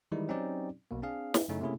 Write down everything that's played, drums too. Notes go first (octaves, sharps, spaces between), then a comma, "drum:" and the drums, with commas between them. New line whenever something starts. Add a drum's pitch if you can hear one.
D#3 E3 G3 G#3 D#4 E4
F#3 C4 C#4 D#4 G4 D5
B1 B2 A#3
C4 D4 G#4 F5
drum: snare
F#2 C#3 A3 C#4 D#4 E4
C3 A3 A#3 C#4 E4 G#4